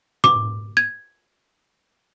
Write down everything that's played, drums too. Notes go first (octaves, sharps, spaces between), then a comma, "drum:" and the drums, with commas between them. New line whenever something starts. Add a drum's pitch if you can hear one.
D6, drum: tom
G#6